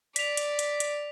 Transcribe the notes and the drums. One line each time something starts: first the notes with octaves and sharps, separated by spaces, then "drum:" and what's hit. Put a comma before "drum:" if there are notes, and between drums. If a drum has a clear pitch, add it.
D5 B6 F7, drum: hi-hat
drum: hi-hat
drum: hi-hat
drum: hi-hat